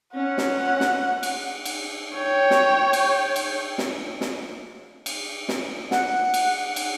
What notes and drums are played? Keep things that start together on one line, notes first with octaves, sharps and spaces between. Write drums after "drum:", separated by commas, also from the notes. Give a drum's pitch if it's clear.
C#4 F#5
drum: snare
drum: snare
drum: cymbal
drum: cymbal
C#5 G5
drum: snare
drum: cymbal
drum: cymbal
drum: snare
drum: snare
drum: cymbal
drum: snare
F#5, drum: snare
drum: cymbal
drum: cymbal